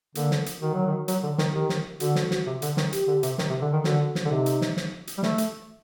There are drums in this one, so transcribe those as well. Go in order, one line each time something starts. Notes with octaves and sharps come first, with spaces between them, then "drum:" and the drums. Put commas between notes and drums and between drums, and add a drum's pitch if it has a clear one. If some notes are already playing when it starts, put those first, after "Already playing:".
D3 A#3, drum: hi-hat
drum: snare
drum: hi-hat
D#3 F#4
F#3
D#3
F#3, drum: hi-hat
D3
D#3, drum: snare
D#3 G4
drum: snare
D3 F#4, drum: hi-hat
drum: snare
drum: snare
C3
D3, drum: hi-hat
D#3, drum: snare
G4, drum: hi-hat
D3
C3, drum: hi-hat
D#3, drum: snare
C3
D3
D#3
D3 F#4, drum: snare
drum: snare
D3
C3 D#4
drum: hi-hat
drum: snare
drum: snare
drum: hi-hat
G3
A3, drum: snare
drum: hi-hat